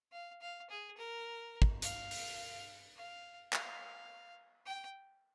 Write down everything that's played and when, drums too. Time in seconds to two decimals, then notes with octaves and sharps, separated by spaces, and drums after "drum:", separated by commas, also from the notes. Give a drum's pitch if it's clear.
0.12 F5
0.41 F5
0.70 G#4
0.97 A#4
1.62 drum: kick
1.82 F5, drum: hi-hat
2.11 drum: open hi-hat
2.96 F5
3.53 F5, drum: clap
4.66 G5